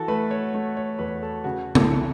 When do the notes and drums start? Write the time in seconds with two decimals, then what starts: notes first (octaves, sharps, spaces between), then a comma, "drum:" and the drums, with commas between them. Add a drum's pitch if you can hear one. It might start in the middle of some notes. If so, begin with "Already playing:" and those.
Already playing: E3 F#4 A4
0.08 A3 B4
0.31 C#5
0.54 A3
0.77 C#5
0.99 E2 B4
1.23 A4
1.44 C#3 F#4
1.75 A4, drum: tom
1.90 E3